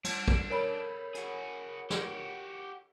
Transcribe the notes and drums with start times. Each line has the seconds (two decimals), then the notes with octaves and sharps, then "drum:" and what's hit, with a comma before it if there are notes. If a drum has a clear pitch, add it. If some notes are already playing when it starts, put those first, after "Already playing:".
0.05 G3 D4, drum: cymbal
0.28 drum: kick
0.50 A#4 C#5 B5
1.15 F#4 G#4, drum: hi-hat
1.90 F#4 G4, drum: snare